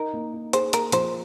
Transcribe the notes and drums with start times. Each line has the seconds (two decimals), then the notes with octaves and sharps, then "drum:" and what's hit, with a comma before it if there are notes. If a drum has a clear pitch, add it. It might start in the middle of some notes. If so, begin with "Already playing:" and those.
Already playing: D#4 A#4
0.13 A#3
0.34 D#4
0.53 G#4 C5, drum: hi-hat
0.73 A#3 A#4, drum: hi-hat
0.92 F3 C5, drum: hi-hat